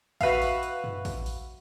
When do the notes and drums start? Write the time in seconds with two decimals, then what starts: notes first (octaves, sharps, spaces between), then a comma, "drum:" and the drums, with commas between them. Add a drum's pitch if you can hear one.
0.21 F#4 B4 E5 F5, drum: kick, open hi-hat
0.42 drum: open hi-hat
0.63 drum: hi-hat
0.84 drum: tom F#2
1.05 drum: kick, open hi-hat
1.26 drum: open hi-hat